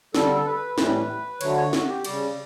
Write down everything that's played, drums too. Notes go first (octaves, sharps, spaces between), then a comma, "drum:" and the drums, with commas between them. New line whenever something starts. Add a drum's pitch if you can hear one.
D3 G3 A4, drum: snare
A4
B4
A2 E3 G3, drum: snare
D3 F#3 A3 C#5, drum: cymbal
C#5
F#4, drum: snare
G4
C#3 G3 D5, drum: cymbal